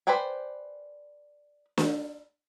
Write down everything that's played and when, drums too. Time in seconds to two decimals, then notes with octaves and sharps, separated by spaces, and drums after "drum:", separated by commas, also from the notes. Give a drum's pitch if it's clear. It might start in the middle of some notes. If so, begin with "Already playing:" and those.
0.07 B4 C5 D5 G5 G#5
1.78 drum: snare